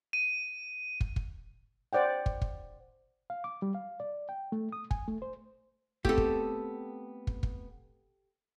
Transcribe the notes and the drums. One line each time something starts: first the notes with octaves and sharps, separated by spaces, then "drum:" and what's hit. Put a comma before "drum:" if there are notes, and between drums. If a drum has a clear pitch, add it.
D#7
drum: kick
drum: kick
C5 D5 F#5 G5
drum: kick
drum: kick
F5
D6
G3
F5
D5
G5
A3
D#6
G#5, drum: kick
A3
C5
A3 B3 C4 G4 A4, drum: kick
drum: kick
drum: kick
drum: kick